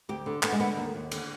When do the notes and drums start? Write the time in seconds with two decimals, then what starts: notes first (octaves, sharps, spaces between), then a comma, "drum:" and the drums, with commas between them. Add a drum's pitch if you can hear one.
0.09 D2 G4
0.26 D3
0.43 D3 B3, drum: clap
0.52 G#3
0.60 D3 B3
0.77 D#2
0.94 D#2
1.12 D3, drum: cymbal